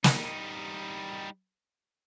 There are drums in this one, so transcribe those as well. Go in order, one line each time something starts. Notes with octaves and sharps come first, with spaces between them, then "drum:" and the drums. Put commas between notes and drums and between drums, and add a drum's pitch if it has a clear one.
G3 D#4, drum: snare